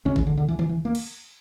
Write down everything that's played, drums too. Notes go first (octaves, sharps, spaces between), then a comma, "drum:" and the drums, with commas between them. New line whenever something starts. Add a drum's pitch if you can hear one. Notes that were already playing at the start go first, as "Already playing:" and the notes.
D2 C#3 C#4
E3, drum: kick G1
D3
D3
E3
E3, drum: tom D#3
E3
A#3
drum: cymbal